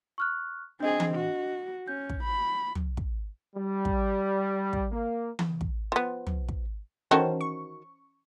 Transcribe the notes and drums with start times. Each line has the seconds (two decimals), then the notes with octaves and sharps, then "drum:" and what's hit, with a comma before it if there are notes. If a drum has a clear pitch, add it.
0.18 C#6 F6 F#6
0.80 C4 D4 G#4 D#5
1.00 drum: tom E3
1.15 F#4
1.88 C#4 G6
2.10 drum: kick
2.24 B5
2.75 drum: tom
2.97 drum: kick
3.56 G3
3.85 drum: kick
4.73 drum: kick
4.91 A#3
5.39 drum: tom E3
5.61 drum: kick
5.92 F3 B3
6.27 drum: tom
6.49 drum: kick
7.11 D#3 E3 C#4 F#4 A4 C5
7.41 C#6